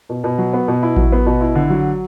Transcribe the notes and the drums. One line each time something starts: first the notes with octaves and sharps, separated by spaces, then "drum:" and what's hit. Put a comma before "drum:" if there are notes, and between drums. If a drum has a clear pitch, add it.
B2
B2
F#3
B3
B2
E4
F#3, drum: kick A1
B3
B2
E4
D3
F#3